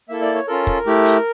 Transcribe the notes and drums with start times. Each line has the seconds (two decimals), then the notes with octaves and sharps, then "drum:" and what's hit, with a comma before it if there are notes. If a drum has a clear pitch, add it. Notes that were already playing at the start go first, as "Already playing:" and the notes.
0.09 A#3 E4 A4 E5
0.21 D5
0.35 C#5
0.47 C#4 F4 A4 A#4
0.67 drum: kick
0.86 A3 E4 G4
1.05 drum: hi-hat